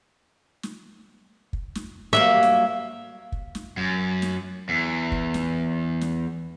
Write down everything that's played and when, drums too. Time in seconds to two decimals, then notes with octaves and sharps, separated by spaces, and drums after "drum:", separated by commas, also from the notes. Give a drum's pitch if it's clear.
0.63 drum: snare
1.53 drum: kick
1.75 drum: snare
2.13 F#3 G3 A#3 E5
2.43 drum: snare
3.32 drum: kick
3.55 drum: snare
3.77 F#2
4.22 drum: snare
4.69 E2
5.12 drum: kick
5.34 drum: snare
6.01 drum: snare